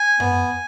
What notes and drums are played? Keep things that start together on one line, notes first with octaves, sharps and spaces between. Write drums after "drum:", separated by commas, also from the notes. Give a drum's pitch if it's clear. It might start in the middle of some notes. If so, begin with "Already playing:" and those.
Already playing: G#5
B3, drum: tom F#2